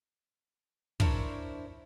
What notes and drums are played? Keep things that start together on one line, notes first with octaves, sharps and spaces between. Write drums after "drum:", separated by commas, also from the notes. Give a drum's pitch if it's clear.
D4 E4 A#4 C5 C#5, drum: kick